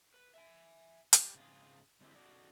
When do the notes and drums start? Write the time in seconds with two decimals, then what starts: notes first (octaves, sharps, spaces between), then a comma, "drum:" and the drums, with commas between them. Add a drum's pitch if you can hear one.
0.14 B4
0.34 E5 G#5
1.13 G3 G4, drum: hi-hat
1.35 G#2 C#3 C4 F4 G#4
2.01 D3 G#3 C4 E4 G4
2.15 F#3 C#4 D#4 F#4 A4 D5